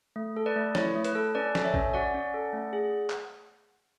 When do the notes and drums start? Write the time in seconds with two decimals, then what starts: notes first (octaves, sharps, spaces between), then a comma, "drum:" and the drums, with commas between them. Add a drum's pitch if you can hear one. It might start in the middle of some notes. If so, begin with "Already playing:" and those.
0.16 A3
0.36 A4
0.46 B4 D5
0.56 A3
0.75 E4 C#5, drum: snare
0.95 A3
1.04 B4, drum: hi-hat
1.15 A4
1.35 C#4 B4 D5
1.55 A4, drum: snare
1.64 C#5 E5
1.74 C#4, drum: kick A1
1.94 F#4 D5 F#5
2.14 C#4
2.34 A4
2.53 A3
2.73 G#4
3.10 drum: clap